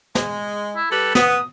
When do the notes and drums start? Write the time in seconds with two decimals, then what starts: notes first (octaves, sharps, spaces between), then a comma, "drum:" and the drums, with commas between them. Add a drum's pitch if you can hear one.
0.15 G#3, drum: snare
0.76 E4
0.91 G3 G4 A4 B4
1.15 B3 D#6, drum: snare